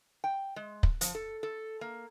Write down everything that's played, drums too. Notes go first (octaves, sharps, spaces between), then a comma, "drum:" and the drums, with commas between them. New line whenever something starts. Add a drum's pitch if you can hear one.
G5
G#3
drum: kick
F3, drum: hi-hat
A4
A4
A#3